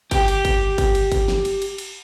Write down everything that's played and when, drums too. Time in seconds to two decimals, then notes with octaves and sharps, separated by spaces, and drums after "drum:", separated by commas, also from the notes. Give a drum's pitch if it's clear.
0.11 G4 G5, drum: kick G1, cymbal
0.28 drum: cymbal
0.45 drum: kick G1, cymbal
0.78 drum: kick G1, cymbal
0.95 drum: cymbal
1.12 drum: kick G1, cymbal
1.28 drum: snare
1.45 drum: cymbal
1.62 drum: cymbal
1.78 drum: cymbal